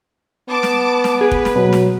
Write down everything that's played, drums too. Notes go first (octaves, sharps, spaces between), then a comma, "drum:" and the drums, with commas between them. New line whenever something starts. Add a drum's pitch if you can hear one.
B3 A5 D6
drum: snare
drum: snare
G#4 B4
drum: kick
drum: snare
B2 F#3
drum: snare